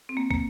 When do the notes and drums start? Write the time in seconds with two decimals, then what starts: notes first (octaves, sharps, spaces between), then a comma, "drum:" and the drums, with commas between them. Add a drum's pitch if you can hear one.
0.09 C4
0.17 A#3
0.31 A#3, drum: kick